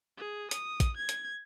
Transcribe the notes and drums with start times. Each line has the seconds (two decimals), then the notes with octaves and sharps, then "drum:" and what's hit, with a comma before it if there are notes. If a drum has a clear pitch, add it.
0.17 G#4
0.51 D#6, drum: hi-hat
0.80 drum: kick, hi-hat
0.97 G#6
1.09 drum: hi-hat